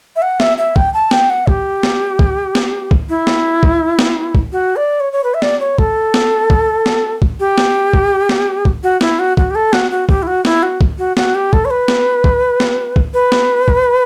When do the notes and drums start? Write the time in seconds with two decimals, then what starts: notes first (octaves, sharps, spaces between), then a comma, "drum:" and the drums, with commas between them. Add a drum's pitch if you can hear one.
0.16 E5
0.22 F#5
0.40 E5, drum: snare
0.58 E5
0.76 G5, drum: kick
0.94 A5
1.11 G5, drum: snare
1.30 F#5
1.47 G4, drum: kick
1.83 drum: snare
2.19 drum: kick
2.55 drum: snare
2.91 drum: kick
3.09 E4
3.27 drum: snare
3.63 drum: kick
3.99 drum: snare
4.35 drum: kick
4.52 F#4
4.76 D5
5.00 C#5
5.12 C#5
5.24 B4
5.34 E5
5.42 D5, drum: snare
5.60 C#5
5.78 A4, drum: kick
6.14 drum: snare
6.50 drum: kick
6.86 drum: snare
7.22 drum: kick
7.40 G4
7.58 drum: snare
7.94 drum: kick
8.29 drum: snare
8.65 drum: kick
8.83 F#4
9.01 E4, drum: snare
9.19 F#4
9.37 F#4, drum: kick
9.50 G4
9.55 A4
9.73 F#4, drum: snare
9.91 F#4
10.09 G4, drum: kick
10.22 E4
10.27 F#4
10.45 E4, drum: snare
10.63 F#4
10.81 drum: kick
10.98 F#4
11.17 F#4, drum: snare
11.35 G4
11.53 A4, drum: kick
11.65 C#5
11.70 B4
11.88 drum: snare
12.24 drum: kick
12.60 drum: snare
12.96 drum: kick
13.14 B4
13.32 drum: snare
13.68 drum: kick